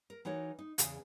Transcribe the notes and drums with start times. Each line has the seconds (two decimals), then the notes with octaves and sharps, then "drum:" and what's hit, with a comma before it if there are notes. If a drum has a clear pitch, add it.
0.10 A#4
0.25 E3 D#4 F#4 A#4 C#5
0.59 D#4
0.78 E2 C#3, drum: hi-hat